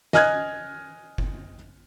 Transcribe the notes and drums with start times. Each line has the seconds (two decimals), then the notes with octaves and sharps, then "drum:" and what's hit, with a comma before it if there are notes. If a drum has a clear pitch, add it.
0.13 D#5 G#5 F6 F#6 G#6, drum: snare
1.18 drum: kick F#1